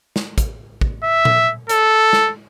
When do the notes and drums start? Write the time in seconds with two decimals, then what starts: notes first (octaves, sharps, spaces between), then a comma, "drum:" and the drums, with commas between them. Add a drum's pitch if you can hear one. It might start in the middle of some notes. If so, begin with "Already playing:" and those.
0.16 drum: snare
0.38 drum: kick, hi-hat
0.81 drum: kick
1.03 E5
1.25 drum: tom A#2
1.69 A4, drum: hi-hat
2.13 drum: snare